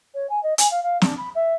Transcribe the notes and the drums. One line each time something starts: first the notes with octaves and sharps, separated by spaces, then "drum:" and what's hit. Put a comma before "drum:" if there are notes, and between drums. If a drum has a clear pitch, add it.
C#5
G#5
D#5
G#5, drum: hi-hat
F5
F5
D4, drum: snare
B5
E5